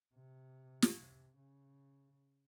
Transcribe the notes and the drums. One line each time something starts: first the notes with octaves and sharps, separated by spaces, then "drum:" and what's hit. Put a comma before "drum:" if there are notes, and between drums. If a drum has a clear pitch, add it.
C3
drum: snare
C3
C#3